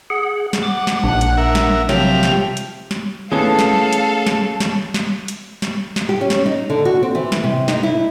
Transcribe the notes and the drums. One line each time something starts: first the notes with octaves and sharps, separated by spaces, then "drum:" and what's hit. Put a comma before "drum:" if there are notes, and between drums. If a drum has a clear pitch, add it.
G#4 F#5
drum: snare
F#5 D6
drum: snare
A#1 D4
drum: hi-hat
A#4 E5
drum: snare
C3 F3 F#3 G4 E5 F7, drum: snare
drum: snare
drum: hi-hat
drum: snare
E3 A3 B3 C#4 G#4 A4 F5
drum: snare
drum: hi-hat
drum: snare
drum: snare
drum: snare
drum: hi-hat
drum: snare
drum: snare
G4
C#4
drum: snare
D#4
D3
F#4
C4
E3
drum: snare
C3
D#4, drum: snare
E4